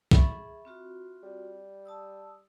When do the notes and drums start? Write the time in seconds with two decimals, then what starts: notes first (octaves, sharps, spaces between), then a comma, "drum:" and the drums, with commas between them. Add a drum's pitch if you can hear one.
0.11 G#4 E5 B5 C#6, drum: kick
0.65 C4 F4 F#4
1.23 G3
1.85 A5 D#6 E6